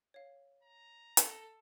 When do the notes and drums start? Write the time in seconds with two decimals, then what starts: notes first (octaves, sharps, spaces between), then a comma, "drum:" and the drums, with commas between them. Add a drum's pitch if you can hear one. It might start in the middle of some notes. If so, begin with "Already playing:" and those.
0.14 C#5 F5
0.63 A#5
1.17 A4, drum: hi-hat